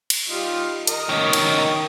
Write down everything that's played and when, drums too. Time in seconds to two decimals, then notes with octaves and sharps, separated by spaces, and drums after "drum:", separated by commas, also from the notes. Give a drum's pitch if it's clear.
0.10 drum: cymbal
0.29 G3 D#4 F4
0.87 A#4 D#5, drum: hi-hat
1.09 D#3 C#4
1.33 drum: cymbal